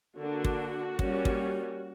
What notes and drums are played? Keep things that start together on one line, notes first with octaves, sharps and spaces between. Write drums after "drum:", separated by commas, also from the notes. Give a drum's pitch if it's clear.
D3 A#3 D4 F#4
drum: kick
G3 A#3 C#4, drum: kick
drum: kick